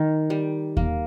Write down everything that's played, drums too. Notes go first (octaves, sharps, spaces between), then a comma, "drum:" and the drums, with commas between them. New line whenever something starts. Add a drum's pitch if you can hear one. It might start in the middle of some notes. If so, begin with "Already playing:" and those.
Already playing: D#3
G3
A#3, drum: kick D#2